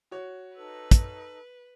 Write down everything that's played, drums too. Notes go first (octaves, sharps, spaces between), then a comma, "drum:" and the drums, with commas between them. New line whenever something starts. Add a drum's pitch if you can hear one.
F#4 C#5
D#4 A4 B4 E6
drum: kick, hi-hat